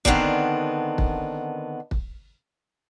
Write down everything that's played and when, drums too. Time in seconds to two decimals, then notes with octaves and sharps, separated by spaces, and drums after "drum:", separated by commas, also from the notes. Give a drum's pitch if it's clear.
0.05 D3 D#3 B3 C4 D4, drum: kick
0.98 drum: kick
1.91 drum: kick